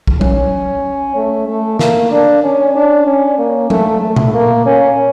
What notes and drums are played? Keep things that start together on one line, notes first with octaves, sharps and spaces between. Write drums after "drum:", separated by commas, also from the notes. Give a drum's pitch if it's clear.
drum: kick
C#4, drum: tom F#3
A3
A3
A#3, drum: snare
D4
C#4
D4
C#4
A#3
A3, drum: tom F#3
A3
drum: tom A#2
A#3
C#4